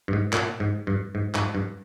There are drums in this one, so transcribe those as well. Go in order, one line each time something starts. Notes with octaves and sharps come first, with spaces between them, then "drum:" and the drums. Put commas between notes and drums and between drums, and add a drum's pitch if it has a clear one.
G2
G#2
A#2, drum: clap
G#2
G2
G#2
G#2, drum: clap
G2